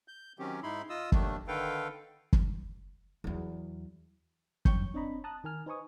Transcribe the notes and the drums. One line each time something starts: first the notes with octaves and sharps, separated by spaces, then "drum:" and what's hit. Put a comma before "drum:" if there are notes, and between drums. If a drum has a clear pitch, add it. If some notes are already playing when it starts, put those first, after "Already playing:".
G6
D#3 F#3 C4 C#4 G4
G#2 D#4 E4 B5 C6
F4 D#5 D#6 E6
D#2 D#3 A3 D4, drum: kick
D3 D#3 A4 B4 F5 G5
drum: kick
E2 F#3
F#2 C#5 G5 C#6 G6, drum: kick
C4 D4 C#5 D#5 A#5 B5
A5 A#5 D#6 F#6
D#3 A#4 G#5 F6
D#4 B4 C5 G#5 C#6 D#6